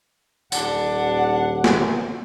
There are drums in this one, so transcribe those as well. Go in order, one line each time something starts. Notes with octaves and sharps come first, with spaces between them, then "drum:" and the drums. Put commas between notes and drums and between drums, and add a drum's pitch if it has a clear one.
D#1 D4 F#5, drum: tambourine
drum: snare